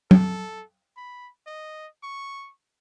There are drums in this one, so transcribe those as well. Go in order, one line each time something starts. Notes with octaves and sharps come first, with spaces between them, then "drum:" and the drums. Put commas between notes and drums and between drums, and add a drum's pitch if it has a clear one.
A4, drum: tom
B5
D#5
C#6